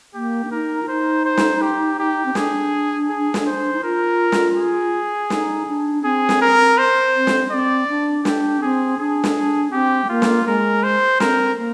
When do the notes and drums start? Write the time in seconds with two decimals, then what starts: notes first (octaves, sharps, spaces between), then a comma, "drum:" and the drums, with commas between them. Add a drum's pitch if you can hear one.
0.15 A#3 G4
0.45 D4
0.51 D#4 A#4
0.83 F4
0.88 D#4 C5
1.25 C5
1.37 drum: snare
1.61 G4
1.99 G4
2.25 C4
2.35 D4 G#4, drum: snare
3.10 G#4
3.34 drum: snare
3.46 C5
3.73 D#4
3.83 F4 A#4
4.32 drum: snare
4.57 G#4
5.30 D#4, drum: snare
5.67 D4
6.04 C4 G#4
6.29 drum: snare
6.41 A#4
6.78 C5
7.15 C4
7.27 drum: snare
7.51 C4 D5
7.89 D4
8.25 D4 G4, drum: snare
8.62 C4 G#4
8.99 D4 G#4
9.24 drum: snare
9.35 D4
9.72 C4 G4
10.04 G#3
10.09 A#3 F4
10.22 drum: snare
10.46 G#3 A#4
10.83 C5
11.20 C4 A#4, drum: snare
11.57 A#3